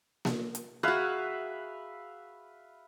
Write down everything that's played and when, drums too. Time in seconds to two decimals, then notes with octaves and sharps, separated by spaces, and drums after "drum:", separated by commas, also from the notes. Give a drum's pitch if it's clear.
0.25 drum: snare A#3
0.55 drum: hi-hat
0.83 F#4 G#4 B4 E5 F5